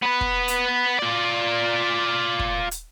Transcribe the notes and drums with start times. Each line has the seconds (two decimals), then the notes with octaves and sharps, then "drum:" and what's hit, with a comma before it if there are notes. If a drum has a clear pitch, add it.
0.02 B3 B4
0.21 drum: kick
0.48 drum: hi-hat
0.99 F4 D5
2.39 drum: kick
2.71 drum: hi-hat